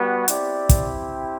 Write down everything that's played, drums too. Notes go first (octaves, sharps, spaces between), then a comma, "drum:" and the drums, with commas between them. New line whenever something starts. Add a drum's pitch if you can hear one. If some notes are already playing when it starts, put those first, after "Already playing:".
Already playing: G3 B3 F#4
C4 E4 G4 D5, drum: hi-hat
drum: kick, hi-hat